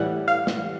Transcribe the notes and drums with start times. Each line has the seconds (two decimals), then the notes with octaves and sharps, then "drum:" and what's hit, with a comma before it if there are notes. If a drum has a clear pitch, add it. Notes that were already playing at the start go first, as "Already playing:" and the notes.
Already playing: A2 E3 G3 F#5
0.28 F5
0.47 drum: snare